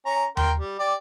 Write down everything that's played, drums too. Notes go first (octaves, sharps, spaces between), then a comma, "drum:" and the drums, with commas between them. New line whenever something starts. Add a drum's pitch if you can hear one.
C#4 A#5
A#4 G5 C6, drum: tom D#2
G3
G4 D5